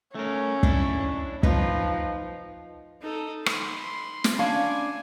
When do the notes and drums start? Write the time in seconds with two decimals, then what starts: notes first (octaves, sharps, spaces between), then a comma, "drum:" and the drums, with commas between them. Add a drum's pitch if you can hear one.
0.15 A3 C#4 A#4
0.63 D4 E4, drum: kick
1.43 F3 D#4 B4, drum: kick
3.02 D#4 A4
3.46 B5 C6, drum: rim click
4.24 drum: snare
4.39 C#4 D4 F5 G#5